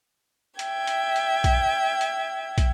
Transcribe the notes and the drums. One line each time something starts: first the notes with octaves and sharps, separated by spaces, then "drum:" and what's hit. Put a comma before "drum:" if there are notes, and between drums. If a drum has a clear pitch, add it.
E5 G5 G#6, drum: hi-hat
drum: hi-hat
drum: hi-hat
drum: kick, hi-hat
drum: hi-hat
drum: kick, hi-hat